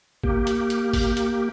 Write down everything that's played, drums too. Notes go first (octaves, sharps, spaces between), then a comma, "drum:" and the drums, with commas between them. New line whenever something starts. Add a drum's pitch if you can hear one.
A#3 G4, drum: kick G#1
drum: hi-hat
drum: hi-hat
drum: kick G#1, open hi-hat
drum: hi-hat